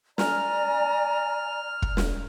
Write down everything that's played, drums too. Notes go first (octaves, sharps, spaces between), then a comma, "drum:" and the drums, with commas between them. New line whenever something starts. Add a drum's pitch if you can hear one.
D5 G#5 A#5 F6, drum: snare
drum: kick
drum: snare